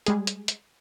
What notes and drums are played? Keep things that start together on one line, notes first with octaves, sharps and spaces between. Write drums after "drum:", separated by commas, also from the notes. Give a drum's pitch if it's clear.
G3 G#3 G#4, drum: hi-hat
drum: hi-hat
drum: hi-hat